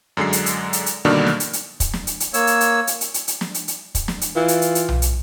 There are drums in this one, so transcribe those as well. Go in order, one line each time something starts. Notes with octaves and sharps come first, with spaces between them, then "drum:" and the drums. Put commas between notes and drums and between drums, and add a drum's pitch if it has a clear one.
F#2 D3 G#3 C7
drum: hi-hat
drum: hi-hat
drum: hi-hat
drum: hi-hat
G2 B2 D3 D#3 A#3 D4
drum: snare
drum: hi-hat
drum: hi-hat
drum: kick, hi-hat
drum: snare
drum: hi-hat
drum: hi-hat
A#3 C#5 E6, drum: hi-hat
drum: hi-hat
drum: hi-hat
drum: hi-hat
drum: hi-hat
drum: hi-hat
drum: hi-hat
drum: snare
drum: hi-hat
drum: hi-hat
drum: kick, hi-hat
drum: snare
drum: hi-hat
E3 F4
drum: hi-hat
drum: hi-hat
drum: hi-hat
drum: tom B1
drum: hi-hat